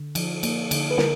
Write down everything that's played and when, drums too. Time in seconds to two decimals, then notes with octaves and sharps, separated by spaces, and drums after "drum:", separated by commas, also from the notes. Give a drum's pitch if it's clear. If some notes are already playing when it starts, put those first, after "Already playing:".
Already playing: D3
0.15 F3, drum: cymbal
0.43 A#3, drum: cymbal
0.71 D3, drum: cymbal
0.91 B4
0.98 D3 A#4, drum: snare